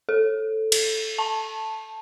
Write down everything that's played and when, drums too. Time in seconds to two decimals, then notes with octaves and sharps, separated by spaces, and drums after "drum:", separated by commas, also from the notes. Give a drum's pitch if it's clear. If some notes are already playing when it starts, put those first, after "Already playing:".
0.09 A4
0.72 drum: cymbal
1.18 A5